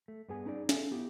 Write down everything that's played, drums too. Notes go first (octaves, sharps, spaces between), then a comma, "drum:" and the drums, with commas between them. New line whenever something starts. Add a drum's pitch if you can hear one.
A3
G2 B3 G#4 G#5
C#4 D#4 G#4 A#4 D5
G#4 A4 E5 F5 G#5, drum: snare
B3 E4 G4